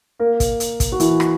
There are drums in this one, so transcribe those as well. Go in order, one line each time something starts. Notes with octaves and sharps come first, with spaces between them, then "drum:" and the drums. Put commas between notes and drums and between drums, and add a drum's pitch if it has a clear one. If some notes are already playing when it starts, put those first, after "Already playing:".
A#3 A#4
drum: kick, hi-hat
drum: hi-hat
drum: kick, hi-hat
F#4
E3 E4, drum: hi-hat
drum: rim click